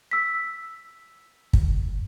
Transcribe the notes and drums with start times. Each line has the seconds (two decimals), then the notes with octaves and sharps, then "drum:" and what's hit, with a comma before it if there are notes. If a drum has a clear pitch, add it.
0.11 E6 B6
1.53 drum: kick